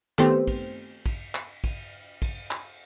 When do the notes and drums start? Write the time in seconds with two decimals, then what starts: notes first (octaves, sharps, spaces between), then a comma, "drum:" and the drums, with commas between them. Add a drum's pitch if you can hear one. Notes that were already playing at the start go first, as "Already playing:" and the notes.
0.18 D#3 A3 B3 C4 G4 C5, drum: clap
0.48 drum: kick, cymbal
1.06 drum: kick, cymbal
1.35 drum: clap
1.64 drum: kick, cymbal
2.22 drum: kick, cymbal
2.51 drum: clap